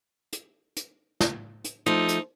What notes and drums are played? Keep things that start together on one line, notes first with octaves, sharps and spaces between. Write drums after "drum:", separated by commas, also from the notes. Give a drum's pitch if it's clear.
drum: hi-hat
drum: hi-hat
drum: snare
drum: hi-hat
F3 A3 D#4
drum: hi-hat